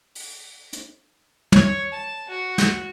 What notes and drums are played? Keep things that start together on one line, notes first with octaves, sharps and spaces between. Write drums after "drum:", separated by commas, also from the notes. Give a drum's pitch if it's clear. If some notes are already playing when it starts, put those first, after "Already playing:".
drum: open hi-hat
drum: hi-hat
C#5, drum: tom
A5
F#4
drum: snare